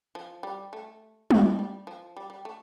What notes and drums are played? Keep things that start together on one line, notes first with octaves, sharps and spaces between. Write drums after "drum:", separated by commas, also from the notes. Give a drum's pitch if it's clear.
F3
G3
A3
G3, drum: tom G3
F3
G3
F3
G3
G3
A3